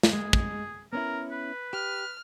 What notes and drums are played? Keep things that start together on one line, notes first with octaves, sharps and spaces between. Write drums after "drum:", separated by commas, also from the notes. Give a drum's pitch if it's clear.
drum: snare
G#3 G#4
drum: kick
B3 C#4 E4 A#4
B4
G4 F6